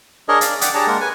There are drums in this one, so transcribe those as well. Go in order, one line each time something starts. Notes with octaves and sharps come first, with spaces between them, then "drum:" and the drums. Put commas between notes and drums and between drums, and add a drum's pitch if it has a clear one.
D4 G#4 A#4 C#5 D#5
D5 F5, drum: hi-hat
D5 F#5 G5 D6, drum: hi-hat
D4 G4 G#4 C#5 A5 A#5
G#3 A#3 A#4 F#5
B4 G#5